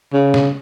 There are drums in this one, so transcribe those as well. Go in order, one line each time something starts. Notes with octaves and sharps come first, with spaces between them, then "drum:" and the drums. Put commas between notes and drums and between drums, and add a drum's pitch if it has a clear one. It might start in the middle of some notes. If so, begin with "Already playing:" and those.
C#3
drum: snare